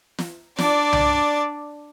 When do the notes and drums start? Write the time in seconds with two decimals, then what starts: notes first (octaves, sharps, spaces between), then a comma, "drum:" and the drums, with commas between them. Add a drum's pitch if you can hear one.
0.18 drum: snare
0.58 D4 D5, drum: snare
0.93 drum: tom C2